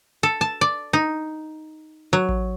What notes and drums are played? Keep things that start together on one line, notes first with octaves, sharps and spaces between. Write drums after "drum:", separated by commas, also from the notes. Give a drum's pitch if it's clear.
A4
A5
D5
D#4
F#3
drum: kick A1